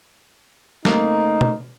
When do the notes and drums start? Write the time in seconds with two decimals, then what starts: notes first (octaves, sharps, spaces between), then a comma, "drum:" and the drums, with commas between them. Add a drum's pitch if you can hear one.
0.85 C#3 A3 A#3 C4 D#4, drum: snare
1.41 drum: tom